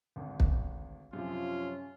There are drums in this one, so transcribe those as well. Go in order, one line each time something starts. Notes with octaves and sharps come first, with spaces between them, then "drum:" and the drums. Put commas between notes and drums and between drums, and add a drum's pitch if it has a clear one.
G#1 D2
drum: kick
F#2 C3 F3 C#4 F4